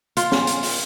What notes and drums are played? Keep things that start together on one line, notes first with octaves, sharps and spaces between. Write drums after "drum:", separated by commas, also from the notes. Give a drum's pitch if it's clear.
F4, drum: hi-hat
drum: snare
drum: hi-hat
drum: open hi-hat